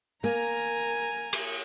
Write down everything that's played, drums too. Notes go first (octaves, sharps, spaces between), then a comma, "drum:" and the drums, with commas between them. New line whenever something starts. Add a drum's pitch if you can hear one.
A#3 A#4 G#5 A#5
drum: cymbal